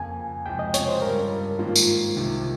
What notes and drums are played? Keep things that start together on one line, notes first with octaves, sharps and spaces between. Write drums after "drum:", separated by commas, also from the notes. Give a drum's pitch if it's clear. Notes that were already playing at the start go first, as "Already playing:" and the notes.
Already playing: F2 C#3 F3 A#3 G#5
C#2 C3 F3 G5
D#5
C#5, drum: hi-hat
C5
G2 G3 C#4 F4 A#4
G#2 D#3 A#3 F4
drum: tambourine
C2 C3 D#3